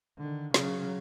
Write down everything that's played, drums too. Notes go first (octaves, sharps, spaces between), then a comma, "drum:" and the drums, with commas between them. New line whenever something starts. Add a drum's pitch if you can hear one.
D3 D#3
C#3 F#3, drum: snare